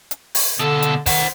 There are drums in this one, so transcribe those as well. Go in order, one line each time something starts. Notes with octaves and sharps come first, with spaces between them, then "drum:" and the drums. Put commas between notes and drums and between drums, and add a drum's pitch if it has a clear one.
drum: hi-hat
drum: open hi-hat
B2 D3 A4
drum: hi-hat
D#3 C5 F#5, drum: kick, open hi-hat